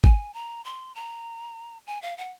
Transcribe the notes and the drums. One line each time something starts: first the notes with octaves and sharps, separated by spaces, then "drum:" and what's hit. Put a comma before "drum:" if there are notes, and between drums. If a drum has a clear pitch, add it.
G#5, drum: kick
A#5
C6
A#5
G#5
F5
F#5